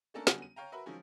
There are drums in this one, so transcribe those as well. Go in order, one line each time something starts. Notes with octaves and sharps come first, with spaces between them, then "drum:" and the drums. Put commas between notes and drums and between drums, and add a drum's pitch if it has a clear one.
A3 A#3 C#4 D4 A4 A#4
D3 F#3 G3 B3 C#4 F#4, drum: snare
D#7
C#5 F5 G5 A#5
F#4 A#4 B4 E5 B5
D#3 F3 F#3 G#3 C#4